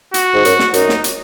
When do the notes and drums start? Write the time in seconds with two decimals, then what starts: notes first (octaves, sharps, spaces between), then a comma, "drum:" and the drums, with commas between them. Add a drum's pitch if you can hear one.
0.14 F#4, drum: hi-hat
0.34 G#2
0.45 F#2, drum: hi-hat
0.59 drum: snare
0.74 F#2 D#4, drum: hi-hat
0.89 drum: snare
1.04 drum: hi-hat